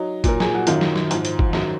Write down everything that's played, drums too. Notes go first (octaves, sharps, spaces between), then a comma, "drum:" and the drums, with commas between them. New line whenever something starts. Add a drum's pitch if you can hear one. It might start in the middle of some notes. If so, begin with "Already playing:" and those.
Already playing: F#3 D#4
A#2 F#3 A#4, drum: kick, hi-hat
G#4, drum: snare
F#4
F#2 D#3 F#3 F4, drum: hi-hat
drum: snare
drum: snare
G#2 F3, drum: hi-hat
drum: hi-hat
drum: kick
F#2 D#3 F#3, drum: snare